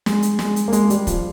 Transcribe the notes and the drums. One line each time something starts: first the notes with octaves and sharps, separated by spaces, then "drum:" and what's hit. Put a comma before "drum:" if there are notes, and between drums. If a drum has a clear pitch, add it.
G#3, drum: snare
drum: hi-hat
G#3, drum: snare
drum: hi-hat
A#3
G#3, drum: hi-hat
G3, drum: hi-hat
F3, drum: kick, hi-hat